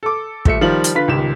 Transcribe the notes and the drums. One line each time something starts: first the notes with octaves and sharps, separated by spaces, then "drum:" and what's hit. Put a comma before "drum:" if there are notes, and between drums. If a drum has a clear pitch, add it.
A4 D6
D#1 A3 E5 C#7, drum: kick
D#3 F3 G3 F4 F#7
drum: hi-hat
D3 F4 B4 B6
D#1 C#2 D#3 G4 E7